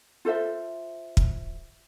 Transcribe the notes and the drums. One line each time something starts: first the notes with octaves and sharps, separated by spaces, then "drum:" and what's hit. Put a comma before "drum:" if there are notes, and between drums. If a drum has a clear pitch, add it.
F4 A4 C5 E5
drum: kick